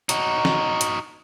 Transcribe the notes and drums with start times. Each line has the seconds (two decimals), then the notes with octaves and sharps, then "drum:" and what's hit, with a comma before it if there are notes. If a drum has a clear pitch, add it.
0.09 D#4 F#4, drum: hi-hat
0.45 drum: snare
0.81 drum: hi-hat